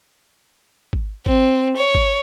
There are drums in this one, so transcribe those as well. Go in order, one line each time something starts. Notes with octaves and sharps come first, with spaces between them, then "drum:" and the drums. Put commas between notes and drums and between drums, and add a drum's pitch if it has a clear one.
drum: kick G#1
C4, drum: kick G#1
C#5
drum: kick G#1